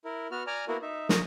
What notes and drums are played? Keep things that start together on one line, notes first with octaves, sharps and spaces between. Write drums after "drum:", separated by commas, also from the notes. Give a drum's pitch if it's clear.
E4 A#4
B3 F#4 F6
D5 G#5 A#5 F6
A#3 B3 E4 F#4 A#4
D#4 E5
A#3 A#4 A#5 C#6 D#6, drum: snare